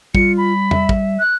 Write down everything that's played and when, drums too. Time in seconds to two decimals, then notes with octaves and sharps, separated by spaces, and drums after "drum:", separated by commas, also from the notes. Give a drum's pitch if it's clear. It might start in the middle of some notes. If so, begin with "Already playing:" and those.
0.15 G3 F4 C#7, drum: kick
0.38 B5
0.71 E5, drum: tom
0.89 drum: kick
1.19 F#6